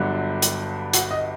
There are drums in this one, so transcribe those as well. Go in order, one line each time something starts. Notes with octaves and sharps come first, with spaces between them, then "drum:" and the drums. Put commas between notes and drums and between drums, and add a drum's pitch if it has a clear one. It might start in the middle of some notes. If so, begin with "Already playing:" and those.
Already playing: G1 G2 D3 F#3
drum: hi-hat
F#4, drum: hi-hat
D#5